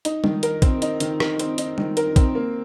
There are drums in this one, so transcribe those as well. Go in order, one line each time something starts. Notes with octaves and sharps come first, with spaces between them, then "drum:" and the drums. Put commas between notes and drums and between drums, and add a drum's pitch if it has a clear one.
D#4, drum: hi-hat
D#3, drum: tom G3
A#4, drum: hi-hat
C4, drum: kick A#1, hi-hat
D#4, drum: hi-hat
D#3, drum: hi-hat
A#4, drum: rim click
C4, drum: hi-hat
D#4, drum: hi-hat
D#3, drum: tom G3
A#4, drum: hi-hat
C4, drum: kick A#1, hi-hat
A#3